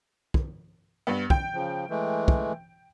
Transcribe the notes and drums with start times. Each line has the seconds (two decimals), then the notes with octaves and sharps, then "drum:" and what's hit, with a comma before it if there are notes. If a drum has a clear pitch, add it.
0.34 drum: kick
1.07 G2 B3
1.30 G5, drum: kick
1.54 C#3 F3
1.90 E3 G#3 A3
2.28 drum: kick